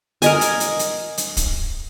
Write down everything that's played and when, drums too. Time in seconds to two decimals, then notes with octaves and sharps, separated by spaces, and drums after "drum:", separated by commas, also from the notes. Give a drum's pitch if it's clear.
0.22 A#4 D#5 G#5, drum: hi-hat
0.41 drum: hi-hat
0.60 drum: hi-hat
0.79 drum: hi-hat
1.17 drum: hi-hat
1.37 drum: kick, hi-hat